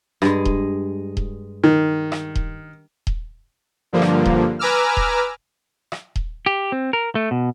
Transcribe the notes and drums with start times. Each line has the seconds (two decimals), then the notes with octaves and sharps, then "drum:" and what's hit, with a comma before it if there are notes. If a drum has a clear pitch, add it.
0.22 G2 G#3, drum: rim click
0.45 drum: kick D#1
1.17 drum: kick D#1
1.64 D#3
2.12 drum: rim click
2.35 drum: kick D#1
3.07 drum: kick D#1
3.93 G2 D3 F3 A#3
4.02 drum: rim click
4.26 drum: kick D#1
4.59 B4 G#5 A#5 D6 E6 F6
4.97 drum: kick D#1
5.92 drum: rim click
6.16 drum: kick D#1
6.46 G4
6.72 C4
6.93 A#4
7.15 A3
7.31 B2